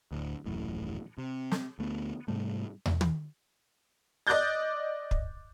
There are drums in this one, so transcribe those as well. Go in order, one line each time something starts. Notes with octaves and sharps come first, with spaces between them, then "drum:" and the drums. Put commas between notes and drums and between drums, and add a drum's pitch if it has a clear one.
D1 D2
D#1 A1 F#2 A2
C3
drum: snare
D2 A3 B3
G#2 C3 G3 A3
drum: tom
drum: tom
D5 D#5 D6 F#6 G6 A6
drum: kick